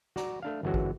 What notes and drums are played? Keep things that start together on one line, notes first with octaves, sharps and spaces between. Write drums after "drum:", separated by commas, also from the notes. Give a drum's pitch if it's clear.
F#4 D5 A#5, drum: snare
A3 D4 F5
G1 F#2 E3 F#3 G#3 F#4
drum: kick G#1